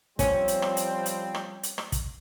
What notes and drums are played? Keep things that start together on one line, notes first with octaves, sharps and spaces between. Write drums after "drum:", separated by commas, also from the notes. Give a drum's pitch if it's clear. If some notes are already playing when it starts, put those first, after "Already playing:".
F3 G3 C4 C#4, drum: kick, hi-hat
drum: hi-hat
drum: rim click
drum: hi-hat
drum: hi-hat
drum: rim click
drum: hi-hat
drum: rim click
drum: kick, hi-hat